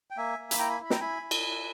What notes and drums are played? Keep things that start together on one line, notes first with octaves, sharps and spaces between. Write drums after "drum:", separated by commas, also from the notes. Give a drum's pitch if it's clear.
G5
A#3 E5 G#5
A#3
B5, drum: hi-hat
E4 G5 A#5
G#5 B5
E4 B5
G5 A#5, drum: snare
E4 G#5 B5
E4
drum: cymbal
E4